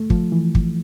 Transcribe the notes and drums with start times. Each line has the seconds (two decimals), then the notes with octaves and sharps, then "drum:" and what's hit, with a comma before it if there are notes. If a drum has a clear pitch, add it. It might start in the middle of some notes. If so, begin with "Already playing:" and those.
Already playing: A3
0.10 F3, drum: kick
0.32 E3
0.55 drum: kick